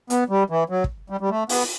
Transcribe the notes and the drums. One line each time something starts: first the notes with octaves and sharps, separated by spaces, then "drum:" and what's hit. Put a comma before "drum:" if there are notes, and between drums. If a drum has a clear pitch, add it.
B3, drum: hi-hat
G3
E3
F#3
drum: kick
G3
G3
A3
B3, drum: open hi-hat